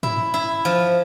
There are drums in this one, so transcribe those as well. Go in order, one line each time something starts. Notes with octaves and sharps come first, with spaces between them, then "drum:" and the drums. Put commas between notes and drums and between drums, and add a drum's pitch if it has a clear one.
E4, drum: tom G#2
E4
F3